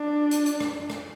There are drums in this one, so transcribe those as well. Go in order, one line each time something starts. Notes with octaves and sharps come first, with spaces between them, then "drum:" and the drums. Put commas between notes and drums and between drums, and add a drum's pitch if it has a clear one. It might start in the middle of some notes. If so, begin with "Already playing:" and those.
Already playing: D4
drum: hi-hat
drum: hi-hat
drum: rim click
drum: rim click